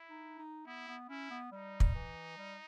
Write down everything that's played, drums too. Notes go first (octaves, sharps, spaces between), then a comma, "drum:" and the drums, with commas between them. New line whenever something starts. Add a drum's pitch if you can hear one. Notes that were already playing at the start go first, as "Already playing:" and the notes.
Already playing: E4
D#4
D#4
B3 E4
B3
C#4 E4
B3
G3 D#4
drum: kick
E3
G3